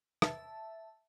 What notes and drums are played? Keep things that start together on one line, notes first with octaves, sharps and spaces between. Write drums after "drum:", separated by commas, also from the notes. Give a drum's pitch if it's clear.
E5 A5, drum: rim click